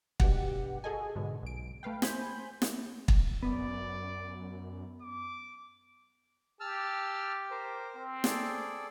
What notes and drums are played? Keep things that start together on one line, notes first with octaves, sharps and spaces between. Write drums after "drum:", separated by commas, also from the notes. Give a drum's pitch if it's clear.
G2 B2 G4 F#5, drum: kick
F#4 G#4 A4 D#5 G#5
G#2 B2 D3 G#3
B1 D7
A3 B4 F5 G5
C5 G#5 B5 G6, drum: snare
drum: snare
drum: kick
F#2 B3 D5
D6
G4 A5 E6 F6
A#4 C5
C4
G#4 A4 D5, drum: snare